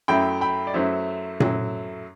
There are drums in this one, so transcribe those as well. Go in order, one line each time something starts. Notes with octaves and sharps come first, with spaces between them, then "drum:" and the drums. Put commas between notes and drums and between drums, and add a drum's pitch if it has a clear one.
F#2 F#3 A3 E4 G5 B5
G5 B5
D5
F#2 F#3 A3 E4 C5 E5
F#2 F#3 A3 E4, drum: tom A#2